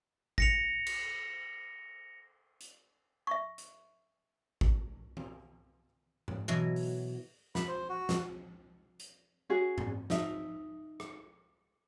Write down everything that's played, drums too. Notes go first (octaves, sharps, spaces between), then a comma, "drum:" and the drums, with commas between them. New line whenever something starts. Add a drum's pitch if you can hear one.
A#6 C#7 F7, drum: kick G#1
drum: cymbal
drum: hi-hat
E5 C#6
drum: hi-hat
drum: kick G#1
drum: tom D#3
drum: tom G#2
B2 E3 F#3
drum: open hi-hat
B5, drum: snare
C5
F#4
drum: snare
drum: hi-hat
C#4 F#4 G#4
drum: tom G#2
D#4 E5, drum: snare
drum: rim click